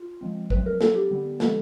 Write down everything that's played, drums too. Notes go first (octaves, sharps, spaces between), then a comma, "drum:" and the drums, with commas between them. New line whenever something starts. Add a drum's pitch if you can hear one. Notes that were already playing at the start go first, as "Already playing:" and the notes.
Already playing: F4
F3 G#3 C4
F#3 A3 C4 B4, drum: kick
A#4
G3 B3 D4 A4, drum: snare
G4
D3 G3 B3
F3 G#3 B3 D4 A4, drum: snare